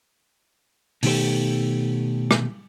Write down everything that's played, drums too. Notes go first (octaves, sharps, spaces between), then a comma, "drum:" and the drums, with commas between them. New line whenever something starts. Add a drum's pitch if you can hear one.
B2 D#3 A3 G4 C5, drum: open hi-hat
drum: rim click